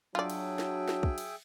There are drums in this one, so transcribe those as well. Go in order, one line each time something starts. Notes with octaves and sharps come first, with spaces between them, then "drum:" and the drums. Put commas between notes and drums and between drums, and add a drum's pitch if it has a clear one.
F#3 D4 F4 G#4 D5 E5 G5
drum: cymbal
drum: snare
drum: snare
drum: kick
drum: cymbal